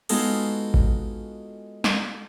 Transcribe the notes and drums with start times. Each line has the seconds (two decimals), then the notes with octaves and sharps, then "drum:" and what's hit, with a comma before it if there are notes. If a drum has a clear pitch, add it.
0.09 G#3 B3 D#4 F4 F#4 A4, drum: cymbal
0.74 drum: kick A1
1.84 drum: snare